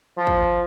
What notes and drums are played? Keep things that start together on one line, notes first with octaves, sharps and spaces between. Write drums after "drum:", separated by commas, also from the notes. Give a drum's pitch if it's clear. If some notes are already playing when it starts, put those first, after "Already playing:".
F3
drum: kick